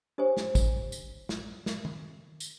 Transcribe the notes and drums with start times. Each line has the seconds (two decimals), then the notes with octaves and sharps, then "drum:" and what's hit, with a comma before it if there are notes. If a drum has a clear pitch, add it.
0.18 D4 G4 C5 C#5 G#5
0.37 drum: snare
0.55 drum: kick, tambourine
0.92 drum: tambourine
1.29 drum: snare
1.66 drum: snare
1.85 drum: tom D#3
2.40 drum: tambourine